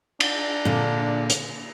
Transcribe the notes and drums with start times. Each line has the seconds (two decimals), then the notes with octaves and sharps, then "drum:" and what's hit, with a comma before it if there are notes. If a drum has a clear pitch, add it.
0.20 D4, drum: cymbal
0.65 A#2 D3
1.30 drum: hi-hat